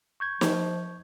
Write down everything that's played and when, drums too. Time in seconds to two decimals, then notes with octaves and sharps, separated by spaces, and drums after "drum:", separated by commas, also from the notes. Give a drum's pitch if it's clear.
0.20 C#6 G6 G#6
0.41 F3, drum: snare